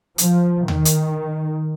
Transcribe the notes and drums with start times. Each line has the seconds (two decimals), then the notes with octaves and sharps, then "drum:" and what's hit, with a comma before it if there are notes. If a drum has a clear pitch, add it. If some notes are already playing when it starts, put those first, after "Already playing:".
0.18 F3, drum: hi-hat
0.68 D#3, drum: tom D#2
0.85 drum: hi-hat